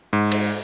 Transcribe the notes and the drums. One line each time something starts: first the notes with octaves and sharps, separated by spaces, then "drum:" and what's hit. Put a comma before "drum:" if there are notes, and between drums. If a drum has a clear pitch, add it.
G#2
drum: cymbal